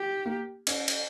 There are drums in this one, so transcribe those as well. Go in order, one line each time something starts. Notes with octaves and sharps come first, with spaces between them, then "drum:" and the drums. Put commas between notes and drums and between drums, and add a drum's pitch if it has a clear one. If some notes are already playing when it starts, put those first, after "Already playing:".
Already playing: G4
A#3
C#4, drum: cymbal
drum: cymbal